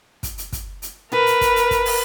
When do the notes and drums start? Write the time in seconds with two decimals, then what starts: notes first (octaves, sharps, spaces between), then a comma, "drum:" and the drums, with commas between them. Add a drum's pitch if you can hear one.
0.23 drum: kick, hi-hat
0.38 drum: hi-hat
0.52 drum: kick, hi-hat
0.82 drum: hi-hat
1.12 A#4 B4, drum: tom A2
1.26 drum: hi-hat
1.41 drum: kick, hi-hat
1.56 drum: hi-hat
1.71 drum: kick, hi-hat
1.86 drum: open hi-hat